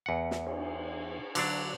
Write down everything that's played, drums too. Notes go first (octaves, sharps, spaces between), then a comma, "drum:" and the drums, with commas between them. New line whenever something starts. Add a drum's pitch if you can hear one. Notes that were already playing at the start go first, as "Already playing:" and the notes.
E2 F#5
drum: snare
drum: cymbal
D3 F#3 D4, drum: cymbal